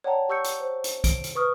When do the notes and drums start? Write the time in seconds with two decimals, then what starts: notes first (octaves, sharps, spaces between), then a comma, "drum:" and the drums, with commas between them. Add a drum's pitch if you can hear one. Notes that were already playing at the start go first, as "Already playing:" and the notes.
0.04 C#5 D5 F#5 G5 A5 A#5
0.29 G4 C#6 E6 G6 C#7
0.44 drum: hi-hat
0.60 C5
0.84 drum: hi-hat
1.04 D7, drum: kick B1, hi-hat
1.24 drum: hi-hat
1.35 B4 C#6 D#6 F6